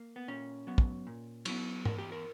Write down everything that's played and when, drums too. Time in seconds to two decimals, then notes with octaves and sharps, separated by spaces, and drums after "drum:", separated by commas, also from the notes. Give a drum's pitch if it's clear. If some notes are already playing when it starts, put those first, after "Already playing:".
Already playing: A#3
0.16 B3
0.28 A#2 C#4
0.67 F#3 B3
0.78 drum: kick
1.07 A#2
1.45 F#3 B3, drum: cymbal
1.85 E2 A#4, drum: tom G#2
1.99 G4
2.12 A#4